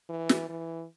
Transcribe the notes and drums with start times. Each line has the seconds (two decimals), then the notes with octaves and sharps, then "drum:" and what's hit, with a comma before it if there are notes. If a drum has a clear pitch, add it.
0.10 E3
0.29 drum: snare
0.49 E3